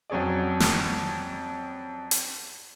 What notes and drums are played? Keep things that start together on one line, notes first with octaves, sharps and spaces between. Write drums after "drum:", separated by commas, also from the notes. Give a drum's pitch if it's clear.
F2 F#3 C#4 G#4 D5
drum: snare
drum: hi-hat